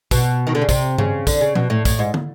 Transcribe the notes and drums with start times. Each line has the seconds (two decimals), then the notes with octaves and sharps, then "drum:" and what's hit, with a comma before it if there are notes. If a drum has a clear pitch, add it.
0.11 B2, drum: kick, tambourine
0.47 D#3
0.55 D3
0.62 C#3
0.69 C3, drum: kick, tambourine
0.98 C#3, drum: tom G2
1.27 D3, drum: kick, tambourine
1.41 C#3
1.55 B2, drum: tom F3
1.70 A2
1.85 A2, drum: kick, tambourine
1.99 G#2
2.14 drum: tom